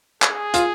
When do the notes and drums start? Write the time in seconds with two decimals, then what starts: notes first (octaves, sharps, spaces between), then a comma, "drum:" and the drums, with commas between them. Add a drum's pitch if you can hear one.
0.22 G#4, drum: clap
0.54 F4, drum: hi-hat